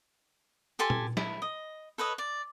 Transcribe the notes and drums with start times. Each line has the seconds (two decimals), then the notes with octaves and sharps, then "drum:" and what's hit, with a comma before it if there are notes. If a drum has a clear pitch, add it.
0.79 G4 A4 G#5 C6
0.90 drum: tom A#2
1.17 E4, drum: snare
1.42 D#5
1.98 A4 B4 C#5 D#5
2.18 D5